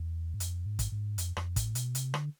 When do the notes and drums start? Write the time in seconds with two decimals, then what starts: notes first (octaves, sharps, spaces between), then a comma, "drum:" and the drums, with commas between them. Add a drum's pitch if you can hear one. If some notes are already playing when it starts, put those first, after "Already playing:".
Already playing: E2
0.34 G#2
0.40 F2, drum: hi-hat
0.66 G#2
0.79 drum: kick, hi-hat
0.92 G#2
1.18 F2, drum: hi-hat
1.37 F2, drum: rim click
1.56 A2, drum: kick, hi-hat
1.75 B2, drum: hi-hat
1.95 C3, drum: hi-hat
2.14 D3, drum: rim click